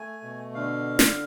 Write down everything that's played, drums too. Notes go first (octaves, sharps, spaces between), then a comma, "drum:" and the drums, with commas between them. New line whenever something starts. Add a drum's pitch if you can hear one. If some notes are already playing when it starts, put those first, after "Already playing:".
Already playing: A3 G#5
B2
D3 F5
drum: snare